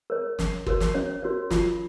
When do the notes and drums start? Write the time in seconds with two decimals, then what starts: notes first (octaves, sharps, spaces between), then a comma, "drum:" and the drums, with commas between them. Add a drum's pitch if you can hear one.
0.10 A#4 C#5
0.39 C#4, drum: snare
0.66 F#4 A#4 C#5, drum: kick
0.80 drum: snare
0.94 C#4 C#5
1.23 F#4 A#4 C#5
1.50 F4, drum: snare